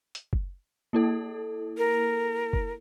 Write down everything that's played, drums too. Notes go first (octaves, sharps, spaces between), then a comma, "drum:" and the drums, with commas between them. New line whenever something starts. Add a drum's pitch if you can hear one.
drum: hi-hat
drum: kick F#1
A#3 E4 A4
A#4
drum: kick F#1